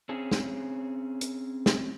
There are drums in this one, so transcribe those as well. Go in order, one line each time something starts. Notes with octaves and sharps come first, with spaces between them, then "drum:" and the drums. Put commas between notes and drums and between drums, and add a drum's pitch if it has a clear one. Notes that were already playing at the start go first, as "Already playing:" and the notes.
C4 C#4 G#4
drum: snare
drum: hi-hat
drum: snare